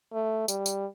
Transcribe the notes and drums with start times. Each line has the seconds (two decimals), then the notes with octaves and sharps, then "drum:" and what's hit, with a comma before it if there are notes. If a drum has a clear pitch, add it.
0.13 A3
0.48 G3, drum: tambourine
0.66 drum: tambourine